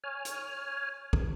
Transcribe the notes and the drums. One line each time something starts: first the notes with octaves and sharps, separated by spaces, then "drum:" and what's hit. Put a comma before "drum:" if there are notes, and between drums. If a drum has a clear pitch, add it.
C#5 G#5 F6
drum: hi-hat
drum: kick